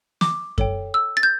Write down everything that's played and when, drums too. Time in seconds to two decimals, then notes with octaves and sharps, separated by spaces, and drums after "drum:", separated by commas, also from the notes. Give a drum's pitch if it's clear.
0.21 D6, drum: snare
0.58 A4 C#5 G5, drum: kick F#2
0.94 E6
1.17 A6
1.23 G6